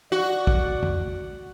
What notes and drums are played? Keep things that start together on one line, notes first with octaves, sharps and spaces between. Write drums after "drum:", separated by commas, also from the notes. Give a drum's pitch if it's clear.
F#4 D5
drum: kick
drum: tom